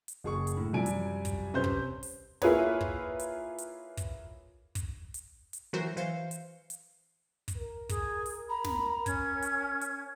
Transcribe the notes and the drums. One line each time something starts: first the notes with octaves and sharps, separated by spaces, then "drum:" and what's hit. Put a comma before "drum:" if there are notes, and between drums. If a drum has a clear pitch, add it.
drum: hi-hat
F#1 G#4 C#6
drum: hi-hat
A2
F#2 C3 F3 G3 G#5 D7
drum: hi-hat
drum: kick, hi-hat
C3 C#4 B4 C5 G6
drum: kick
drum: open hi-hat
A#3 E4 F4 G#4 B4 C#5, drum: snare
drum: kick
drum: hi-hat
drum: hi-hat
drum: kick, hi-hat
drum: kick, hi-hat
drum: hi-hat
drum: hi-hat
E3 F#3 F#4 A#4 C5
E3 C5 F5 C#7
drum: hi-hat
drum: hi-hat
drum: kick, hi-hat
A#4
G#4, drum: kick, hi-hat
drum: open hi-hat
A#5 B5
drum: snare
C#4 G#6, drum: kick, hi-hat
drum: hi-hat
drum: hi-hat